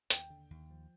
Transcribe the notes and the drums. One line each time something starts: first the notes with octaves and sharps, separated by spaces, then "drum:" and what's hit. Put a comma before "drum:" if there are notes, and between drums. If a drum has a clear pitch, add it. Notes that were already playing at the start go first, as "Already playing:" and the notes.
D#2 G5, drum: hi-hat
D3
D#2
F3